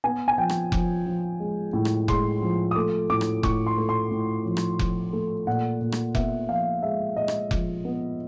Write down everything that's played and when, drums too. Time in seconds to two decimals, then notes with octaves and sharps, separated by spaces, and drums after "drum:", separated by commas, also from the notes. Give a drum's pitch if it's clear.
0.04 B3 G#5
0.28 G#5
0.38 F3 G5
0.49 drum: rim click
0.72 F3, drum: kick F1
1.06 F3
1.40 G#3
1.73 A2
1.85 drum: rim click
2.08 G#3 C6, drum: kick F1
2.42 F3
2.71 D#6
2.76 A3 D6
3.10 A2 D6
3.21 drum: rim click
3.43 A2 C#6, drum: kick F1
3.66 C6
3.78 A3
3.89 C6
4.11 A2
4.45 F3
4.57 drum: rim click
4.79 F3, drum: kick F1
5.13 A3
5.47 A#2 F#5
5.81 A#2
5.92 drum: rim click
6.15 B3 E5, drum: kick F1
6.49 F3 F5
6.83 G#3 E5
7.16 G#3 D#5
7.28 drum: rim click
7.51 F3, drum: kick F1
7.85 B3